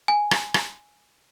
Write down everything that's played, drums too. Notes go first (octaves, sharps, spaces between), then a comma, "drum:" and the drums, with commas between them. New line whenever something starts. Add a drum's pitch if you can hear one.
G#5
drum: rim click
drum: rim click